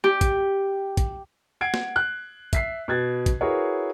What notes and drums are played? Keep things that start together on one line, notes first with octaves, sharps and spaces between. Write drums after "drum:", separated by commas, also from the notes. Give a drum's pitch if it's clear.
G4
drum: kick, hi-hat
drum: kick, hi-hat
F#5 G#6 C7 D7
drum: snare
F#6
E5 B6 C7, drum: kick, hi-hat
B2 F#6 G#6 A6
drum: kick, hi-hat
E4 F#4 G#4 A#4 B4 C#5